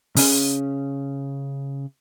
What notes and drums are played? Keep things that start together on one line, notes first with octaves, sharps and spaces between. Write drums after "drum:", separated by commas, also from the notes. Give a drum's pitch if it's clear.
C#3 C#4, drum: open hi-hat